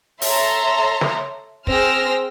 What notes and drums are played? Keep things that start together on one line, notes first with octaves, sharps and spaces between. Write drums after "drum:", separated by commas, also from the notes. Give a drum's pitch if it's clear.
A4 C#5 E5 A#5 C6, drum: open hi-hat
drum: snare
C4 G#4 C5 E6 F6 A#6, drum: kick